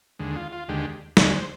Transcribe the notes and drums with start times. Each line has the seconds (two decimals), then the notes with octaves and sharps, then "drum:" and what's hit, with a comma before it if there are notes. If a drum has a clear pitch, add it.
0.19 D#2 D3 G#3
0.36 F4
0.52 F4
0.68 D#2 D3 G#3 G4
1.17 D#2 D3 G#3 D#5, drum: snare
1.34 C5